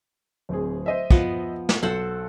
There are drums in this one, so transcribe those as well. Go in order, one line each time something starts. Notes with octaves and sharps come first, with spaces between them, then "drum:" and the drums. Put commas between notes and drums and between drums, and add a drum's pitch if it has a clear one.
D1 C4 G#4
C5 D#5 E5
F3 B3, drum: kick
drum: snare
B1 A4 C5 F#5